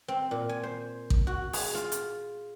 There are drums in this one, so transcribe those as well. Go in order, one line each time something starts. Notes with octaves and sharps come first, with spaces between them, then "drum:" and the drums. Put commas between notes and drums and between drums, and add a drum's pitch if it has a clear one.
C4
A#2
G#5
C5
drum: kick A1
F#4
G#4, drum: open hi-hat
F4
drum: hi-hat